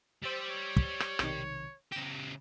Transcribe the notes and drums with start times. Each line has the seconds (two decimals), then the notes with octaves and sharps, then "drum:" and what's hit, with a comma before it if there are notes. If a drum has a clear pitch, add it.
0.24 G3 C5 E6 A6
0.50 C#5
0.76 drum: kick
1.00 drum: rim click
1.19 B1 C3 D#3, drum: rim click
1.92 C#3 G4 A#6 E7